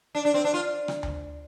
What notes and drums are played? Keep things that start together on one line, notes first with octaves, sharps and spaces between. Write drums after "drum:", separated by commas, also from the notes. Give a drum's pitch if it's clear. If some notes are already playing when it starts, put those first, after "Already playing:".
D4
D4
C4
D4
F4
drum: rim click
drum: tom D2